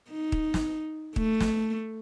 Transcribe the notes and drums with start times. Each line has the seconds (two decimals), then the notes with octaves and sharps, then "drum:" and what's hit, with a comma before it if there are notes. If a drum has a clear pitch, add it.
0.11 D#4
0.32 drum: kick
0.54 drum: snare
1.16 A3, drum: kick
1.40 drum: snare